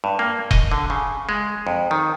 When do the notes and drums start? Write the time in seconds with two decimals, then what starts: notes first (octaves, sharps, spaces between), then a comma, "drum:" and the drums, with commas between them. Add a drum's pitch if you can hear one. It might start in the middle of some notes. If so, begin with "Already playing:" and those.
0.04 G2
0.19 A#3
0.51 D#5, drum: kick E1
0.72 D3
0.90 C#3
1.29 G#3
1.67 F2
1.91 D#3